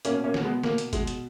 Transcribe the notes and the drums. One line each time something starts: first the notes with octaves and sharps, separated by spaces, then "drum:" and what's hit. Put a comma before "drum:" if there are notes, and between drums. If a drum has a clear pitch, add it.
B2 A#3 C#4, drum: hi-hat
A#3 C#4
B2, drum: snare
G#3 B3
B2 A#3, drum: snare
drum: hi-hat
B2 G#3, drum: kick F#1, hi-hat
drum: hi-hat